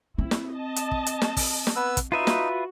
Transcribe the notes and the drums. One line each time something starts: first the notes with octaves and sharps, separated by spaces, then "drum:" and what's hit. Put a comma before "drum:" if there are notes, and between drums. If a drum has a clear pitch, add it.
C4 E4
drum: snare
D#5 A5
drum: hi-hat
drum: kick
drum: hi-hat
drum: snare
drum: kick, open hi-hat
drum: snare
B3 B4 E6
drum: kick, hi-hat
D#4 F4 F#4 B4 E5
drum: snare